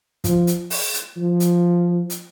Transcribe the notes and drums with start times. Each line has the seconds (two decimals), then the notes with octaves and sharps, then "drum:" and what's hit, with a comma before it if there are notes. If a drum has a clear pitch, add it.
0.24 F3, drum: kick, hi-hat
0.47 drum: hi-hat
0.70 drum: open hi-hat
0.94 drum: hi-hat
1.17 F3
1.40 drum: hi-hat
2.10 drum: hi-hat